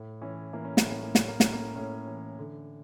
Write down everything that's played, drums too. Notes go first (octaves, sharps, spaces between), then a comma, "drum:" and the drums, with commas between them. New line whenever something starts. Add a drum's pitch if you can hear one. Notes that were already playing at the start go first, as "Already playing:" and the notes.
Already playing: A2
E3 C#4
E3 A#3
C#4
A#3, drum: snare
A2
C#4
A#3
A2 C#4, drum: snare
A#3
C#4, drum: snare
A2
A#3
A2 C#4
E3
D3